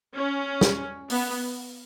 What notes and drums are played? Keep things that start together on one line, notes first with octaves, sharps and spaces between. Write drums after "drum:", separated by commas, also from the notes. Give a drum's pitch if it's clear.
C#4
drum: snare
B3, drum: open hi-hat